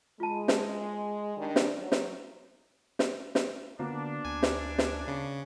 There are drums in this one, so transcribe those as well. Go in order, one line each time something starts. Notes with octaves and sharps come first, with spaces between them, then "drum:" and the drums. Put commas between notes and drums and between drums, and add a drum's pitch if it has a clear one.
G#3 F4 A5
drum: snare
D#3 G3 D4
drum: snare
F#3
drum: snare
drum: snare
drum: snare
D3 A#3 B3 D4 F#4
D2 G#5
drum: snare
drum: snare
C#3